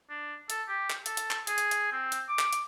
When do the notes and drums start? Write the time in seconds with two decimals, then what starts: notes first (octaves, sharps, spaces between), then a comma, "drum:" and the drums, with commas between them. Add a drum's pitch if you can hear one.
0.10 D4
0.50 A4, drum: hi-hat
0.69 G4
0.90 drum: clap
1.06 A4, drum: hi-hat
1.17 drum: hi-hat
1.31 drum: clap
1.47 G#4, drum: hi-hat
1.58 drum: hi-hat
1.71 drum: hi-hat
1.92 C4
2.12 drum: hi-hat
2.29 D6
2.39 drum: clap
2.53 drum: hi-hat